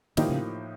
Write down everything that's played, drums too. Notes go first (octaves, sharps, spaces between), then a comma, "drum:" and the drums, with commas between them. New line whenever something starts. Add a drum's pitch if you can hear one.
A2 D#3 F3 A#3 D#4 G4, drum: snare
C#3